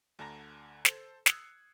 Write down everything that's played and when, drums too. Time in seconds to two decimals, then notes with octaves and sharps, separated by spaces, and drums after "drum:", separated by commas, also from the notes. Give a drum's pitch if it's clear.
0.19 D2 D3 A5 A#5 A#6
0.85 A4 C5, drum: snare
1.26 D#6 E6 F#6 G#6 C7 C#7, drum: snare